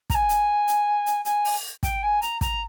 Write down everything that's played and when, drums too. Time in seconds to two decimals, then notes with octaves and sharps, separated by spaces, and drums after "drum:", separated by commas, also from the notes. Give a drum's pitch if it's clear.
0.10 A#5, drum: kick, hi-hat
0.14 G#5
0.29 drum: hi-hat
0.68 drum: hi-hat
1.06 drum: hi-hat
1.25 G#5, drum: hi-hat
1.45 drum: open hi-hat
1.83 G5, drum: kick, hi-hat
2.03 G#5
2.22 A#5, drum: hi-hat
2.41 A#5, drum: kick, hi-hat